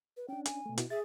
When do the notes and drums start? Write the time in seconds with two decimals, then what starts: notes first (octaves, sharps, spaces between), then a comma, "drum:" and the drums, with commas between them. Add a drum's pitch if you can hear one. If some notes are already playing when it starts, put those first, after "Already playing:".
0.17 B4
0.29 C#4 D4 G5
0.46 G#5, drum: hi-hat
0.66 B2 A3
0.78 B2 E4 F#4, drum: hi-hat
0.90 G#4 E5 A6